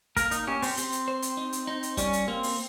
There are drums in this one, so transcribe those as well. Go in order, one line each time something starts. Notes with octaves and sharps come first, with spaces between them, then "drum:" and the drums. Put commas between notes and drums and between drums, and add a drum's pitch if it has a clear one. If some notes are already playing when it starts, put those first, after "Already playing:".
A#3 A#4, drum: kick, hi-hat
D#4, drum: hi-hat
C#4 G4
C4, drum: open hi-hat
C4 G4, drum: hi-hat
drum: hi-hat
C5
drum: hi-hat
D#4
drum: hi-hat
D#4
drum: hi-hat
G3 C#4, drum: kick, hi-hat
drum: hi-hat
A#3 C4
drum: open hi-hat